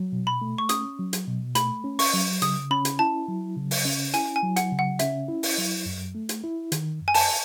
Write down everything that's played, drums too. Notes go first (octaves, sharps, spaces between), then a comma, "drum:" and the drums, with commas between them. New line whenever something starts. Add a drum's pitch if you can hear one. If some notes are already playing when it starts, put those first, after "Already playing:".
Already playing: F#3
B2
B5
A3
C#6
C#4 D#6, drum: hi-hat
F#3
drum: hi-hat
B2
A3 B5, drum: hi-hat
C#4
C#6, drum: open hi-hat
F#3
C#3 D#6, drum: hi-hat
C#4 B5
drum: hi-hat
E4 A5
F#3
C#3
drum: open hi-hat
C#4
E4 G#5, drum: hi-hat
G#5
F#3
F#5, drum: hi-hat
C#3
F#5
C#4 E5, drum: hi-hat
E4
drum: open hi-hat
F#3
F#2
A3
drum: hi-hat
E4
D#3, drum: hi-hat
F#2
G#5
A5, drum: open hi-hat